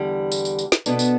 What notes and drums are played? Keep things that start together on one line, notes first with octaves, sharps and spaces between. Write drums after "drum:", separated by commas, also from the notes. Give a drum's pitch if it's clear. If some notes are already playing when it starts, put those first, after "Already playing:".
Already playing: E2 D3 G3
drum: tambourine
drum: tambourine
drum: tambourine
drum: snare
B2 B3 D4 A4, drum: tambourine
drum: tambourine